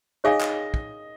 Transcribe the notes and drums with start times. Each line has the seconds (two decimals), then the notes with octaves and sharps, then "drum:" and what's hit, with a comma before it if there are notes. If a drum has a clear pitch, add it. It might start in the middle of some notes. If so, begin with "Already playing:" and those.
0.24 D#4 G#4 C#5 D#5 F5 G#5
0.41 drum: clap
0.74 drum: kick